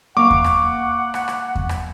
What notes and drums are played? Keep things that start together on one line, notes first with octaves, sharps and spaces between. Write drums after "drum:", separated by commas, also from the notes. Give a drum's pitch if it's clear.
A#3 F5 F#5 C#6 D6
drum: kick E2
drum: rim click
drum: rim click
drum: rim click
drum: kick E2
drum: rim click